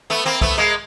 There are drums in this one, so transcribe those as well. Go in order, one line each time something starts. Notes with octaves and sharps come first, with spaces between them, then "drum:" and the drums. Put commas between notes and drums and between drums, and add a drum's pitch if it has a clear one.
A3 B3
A#3 C4
A3 B3, drum: kick
G#3 A#3